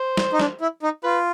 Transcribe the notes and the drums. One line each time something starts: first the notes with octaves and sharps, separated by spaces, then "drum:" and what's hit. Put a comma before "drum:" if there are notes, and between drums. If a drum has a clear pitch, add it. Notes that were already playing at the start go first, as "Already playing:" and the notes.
Already playing: C5
drum: snare
D#4
D4, drum: snare
E4
D#4
F4 B4